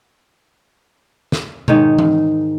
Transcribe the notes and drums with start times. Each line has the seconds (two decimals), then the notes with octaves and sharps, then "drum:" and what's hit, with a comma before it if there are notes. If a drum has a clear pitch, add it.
1.32 drum: snare
1.68 G#2 D#3 D#4 C#5, drum: tom B2
1.99 drum: tom E3